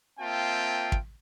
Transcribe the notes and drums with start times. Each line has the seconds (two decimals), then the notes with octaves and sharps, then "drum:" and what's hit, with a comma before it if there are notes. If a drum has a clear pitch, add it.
0.20 A#3 C4 F4 E5 G5 A5
0.92 drum: kick